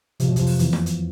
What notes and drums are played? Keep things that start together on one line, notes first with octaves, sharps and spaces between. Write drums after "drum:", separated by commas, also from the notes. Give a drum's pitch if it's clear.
C3 F3, drum: hi-hat
B2 F#3
F2 C3 F3, drum: kick, hi-hat
drum: open hi-hat
E2 E3, drum: hi-hat
drum: snare
drum: hi-hat